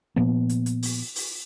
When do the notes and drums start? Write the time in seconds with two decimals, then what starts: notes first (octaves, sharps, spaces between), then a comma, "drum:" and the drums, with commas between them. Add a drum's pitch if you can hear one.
0.16 A#2 F3 A#3 B3
0.49 drum: hi-hat
0.66 drum: hi-hat
0.83 drum: open hi-hat
1.16 drum: open hi-hat